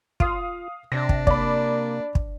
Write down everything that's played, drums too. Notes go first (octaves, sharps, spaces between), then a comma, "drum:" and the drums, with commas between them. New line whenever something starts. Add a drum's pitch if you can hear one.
F4 F5 D#6, drum: kick
C3 D4 A#6
drum: kick
A#3 D5 B5, drum: kick
drum: kick